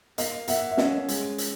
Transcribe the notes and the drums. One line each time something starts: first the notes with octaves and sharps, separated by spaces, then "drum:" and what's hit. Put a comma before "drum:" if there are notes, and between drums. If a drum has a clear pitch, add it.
A#3 D#5 F5, drum: hi-hat
A#3 E5 F#5, drum: hi-hat
E5
C#4 D#5 F5, drum: snare
G#3, drum: hi-hat
drum: hi-hat